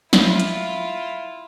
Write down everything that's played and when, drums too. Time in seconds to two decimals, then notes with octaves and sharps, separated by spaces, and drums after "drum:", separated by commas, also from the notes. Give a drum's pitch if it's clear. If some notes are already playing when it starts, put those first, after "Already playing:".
0.13 E4 F4, drum: snare
0.40 drum: hi-hat